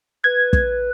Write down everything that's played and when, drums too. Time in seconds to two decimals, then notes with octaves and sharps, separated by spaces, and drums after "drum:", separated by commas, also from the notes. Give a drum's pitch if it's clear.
0.24 B4 G#6
0.53 drum: kick